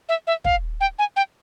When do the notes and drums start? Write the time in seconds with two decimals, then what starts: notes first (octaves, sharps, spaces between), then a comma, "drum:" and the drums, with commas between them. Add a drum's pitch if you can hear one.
0.09 E5
0.27 E5
0.45 F5, drum: kick
0.81 G5
0.99 G#5
1.16 G5